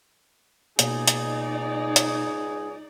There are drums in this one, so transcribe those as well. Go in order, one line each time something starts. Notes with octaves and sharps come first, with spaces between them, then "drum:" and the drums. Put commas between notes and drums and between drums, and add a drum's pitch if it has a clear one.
C#2 B2 A#3 D#4 G#4 D5, drum: hi-hat
drum: hi-hat
drum: hi-hat